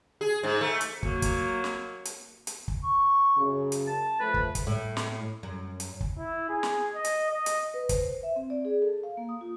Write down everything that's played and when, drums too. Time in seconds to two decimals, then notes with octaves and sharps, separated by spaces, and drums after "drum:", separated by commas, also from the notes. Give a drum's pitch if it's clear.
0.21 G#4
0.43 G#2
0.61 A3
0.81 drum: hi-hat
1.03 F#3 A#3, drum: kick
1.22 drum: kick, hi-hat
1.64 drum: snare
2.05 drum: hi-hat
2.47 drum: hi-hat
2.68 drum: kick
2.84 C#6
3.37 F#2 C#3
3.72 drum: hi-hat
3.87 A5
4.20 F3 A3 B4
4.34 drum: kick
4.55 drum: kick, hi-hat
4.67 A2
4.97 drum: snare
5.43 F#2
5.80 drum: hi-hat
6.01 drum: kick
6.18 E4
6.49 G#4
6.63 drum: snare
6.94 D#5
7.05 drum: hi-hat
7.30 D#5
7.46 drum: hi-hat
7.74 B4
7.89 C5, drum: kick, hi-hat
8.23 E5
8.36 C4
8.50 D5
8.65 G#4
8.82 A4
9.03 F5
9.17 A#3
9.29 D#6
9.41 F4